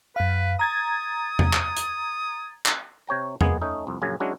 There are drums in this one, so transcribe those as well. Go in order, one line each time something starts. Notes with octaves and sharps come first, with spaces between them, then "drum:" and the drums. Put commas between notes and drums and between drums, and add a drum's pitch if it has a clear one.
F#2 B4 F5
A#5 D#6 G#6 A6
drum: tom E2
drum: clap
drum: hi-hat
drum: clap
C3 C#5 G5 A#5
G#3 A#3 B3 G#4, drum: tom E2
A3 C#4 D#4
C2 F2
A#1 F#2 C#3 G#5 A#5
F#3 G#3 C#4 D4 E4 F#4